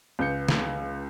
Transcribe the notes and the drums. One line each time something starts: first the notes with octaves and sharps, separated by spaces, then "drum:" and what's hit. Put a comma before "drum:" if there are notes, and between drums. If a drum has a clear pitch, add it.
C#2 B4 G6 C#7
drum: snare